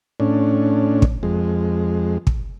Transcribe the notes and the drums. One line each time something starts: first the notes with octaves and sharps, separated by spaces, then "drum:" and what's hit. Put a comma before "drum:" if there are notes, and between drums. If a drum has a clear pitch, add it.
A2 C#4 D4
drum: kick
F2 G#3
drum: kick